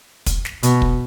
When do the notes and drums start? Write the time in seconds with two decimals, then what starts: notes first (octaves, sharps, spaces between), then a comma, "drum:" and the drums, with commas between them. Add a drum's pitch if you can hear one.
0.26 drum: kick, hi-hat
0.45 drum: snare
0.63 B2, drum: hi-hat
0.82 drum: kick